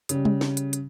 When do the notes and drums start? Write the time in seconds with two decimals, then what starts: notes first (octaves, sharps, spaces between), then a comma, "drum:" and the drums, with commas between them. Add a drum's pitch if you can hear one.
0.09 C#3 G3, drum: hi-hat
0.25 drum: tom G3
0.41 drum: snare
0.57 drum: hi-hat
0.73 drum: hi-hat